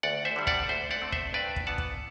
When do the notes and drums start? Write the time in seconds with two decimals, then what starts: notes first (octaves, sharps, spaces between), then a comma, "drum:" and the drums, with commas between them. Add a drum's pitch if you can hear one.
0.03 D2 D5 F#5
0.25 C5 E5
0.36 D3 G3
0.47 D5 F#5, drum: kick
0.69 D2 C5 E5
0.91 D5 F#5
1.01 D3 A3 C4
1.12 C5 E5, drum: kick
1.34 G2 B4 D5
1.56 drum: kick
1.67 E3 B3 F#5 A5
1.78 drum: kick